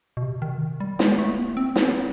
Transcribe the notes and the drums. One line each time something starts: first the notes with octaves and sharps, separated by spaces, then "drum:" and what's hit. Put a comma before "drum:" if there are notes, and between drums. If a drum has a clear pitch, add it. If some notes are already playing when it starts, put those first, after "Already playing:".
B2
C3
D#3
G3
G#3, drum: snare
A3
B3
A#3
C4
drum: snare